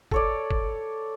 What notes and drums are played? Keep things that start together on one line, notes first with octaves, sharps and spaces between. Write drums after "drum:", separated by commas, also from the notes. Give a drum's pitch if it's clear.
A4 C#5 D5, drum: kick G#1
drum: kick G#1